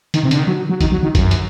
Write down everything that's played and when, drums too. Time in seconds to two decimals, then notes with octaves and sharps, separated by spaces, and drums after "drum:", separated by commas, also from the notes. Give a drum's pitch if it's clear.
0.14 D#3, drum: hi-hat
0.23 C3
0.31 D3, drum: hi-hat
0.39 D#3
0.47 F#3
0.69 F#3
0.81 D#3, drum: kick G1, hi-hat
0.92 F#3
1.03 D#3
1.15 F#2, drum: kick G1, hi-hat
1.31 drum: hi-hat